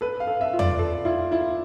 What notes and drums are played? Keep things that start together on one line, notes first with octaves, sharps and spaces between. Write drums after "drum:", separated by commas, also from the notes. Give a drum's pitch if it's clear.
A4 B4
F5
A4
E5
F4
D5, drum: tom E2
A4
E4 F4
E4 F4